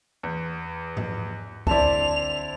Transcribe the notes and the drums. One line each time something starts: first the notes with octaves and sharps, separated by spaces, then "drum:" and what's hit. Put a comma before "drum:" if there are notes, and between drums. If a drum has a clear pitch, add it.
E2
drum: tom G#2
D3 C4 E4 C5 D5 A5 F7, drum: kick C2